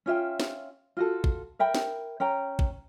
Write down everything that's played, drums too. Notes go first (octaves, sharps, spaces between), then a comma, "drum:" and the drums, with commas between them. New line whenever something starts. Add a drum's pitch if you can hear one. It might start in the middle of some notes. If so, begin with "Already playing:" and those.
C#4 F4 E5 G5
drum: snare
F4 F#4 A4
drum: kick
A#4 E5 G5 B5
drum: snare
C#4 G5 A#5
drum: kick